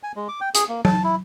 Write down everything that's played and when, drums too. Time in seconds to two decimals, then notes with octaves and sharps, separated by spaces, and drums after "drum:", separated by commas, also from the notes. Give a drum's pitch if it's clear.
0.03 G#5
0.16 G#3
0.28 D6
0.41 G5
0.55 G#4, drum: hi-hat
0.69 A#3
0.85 A5, drum: tom F#3
1.04 E4